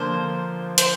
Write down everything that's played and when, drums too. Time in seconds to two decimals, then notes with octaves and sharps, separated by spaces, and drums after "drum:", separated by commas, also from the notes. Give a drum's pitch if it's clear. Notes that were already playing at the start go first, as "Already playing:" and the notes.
Already playing: D3 F3 A#3 F4 C5
0.78 C5, drum: hi-hat